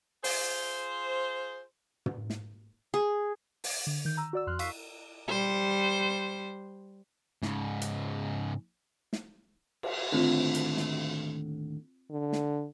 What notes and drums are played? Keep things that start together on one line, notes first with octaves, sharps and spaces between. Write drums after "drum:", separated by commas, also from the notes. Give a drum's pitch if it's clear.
F4 G#4 C5, drum: open hi-hat
drum: tom
drum: snare
G#4
drum: open hi-hat
D3
D#3 G6
A#5 E6
F#4 D5 E6
F2 C6 F6 F#6
F5 C#6 E6 B6 C7, drum: cymbal
G3 C5
G#2 C#3, drum: snare
drum: hi-hat
drum: snare
drum: cymbal
D#2 A2 D3 C4 F4
drum: hi-hat
drum: snare
D3
drum: snare